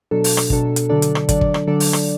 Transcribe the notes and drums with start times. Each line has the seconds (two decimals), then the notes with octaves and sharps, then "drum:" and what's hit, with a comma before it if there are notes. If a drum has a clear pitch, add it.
0.11 B2 F#3 D4 A4
0.24 drum: open hi-hat
0.37 drum: rim click
0.50 B2 F#3 D4 A4, drum: kick
0.76 drum: hi-hat
0.89 D3 F#3 D4 A4 D5
1.02 drum: hi-hat
1.15 drum: rim click
1.29 D3 F#3 D4 A4 D5, drum: kick, hi-hat
1.41 drum: kick
1.54 drum: rim click
1.67 D3 F#3 D4 A4 D5
1.80 drum: open hi-hat
1.93 drum: rim click